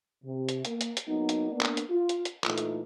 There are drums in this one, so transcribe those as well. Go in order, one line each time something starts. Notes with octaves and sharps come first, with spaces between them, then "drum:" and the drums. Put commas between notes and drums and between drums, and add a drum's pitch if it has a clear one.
C3
drum: hi-hat
A#3 A#4, drum: hi-hat
drum: hi-hat
drum: hi-hat
F#3 A#3 B3 D#4
drum: hi-hat
A#3 B3 D4
drum: clap
drum: hi-hat
F4
drum: hi-hat
drum: hi-hat
A#2 E3 A3 D#4 F4 A4, drum: clap
drum: hi-hat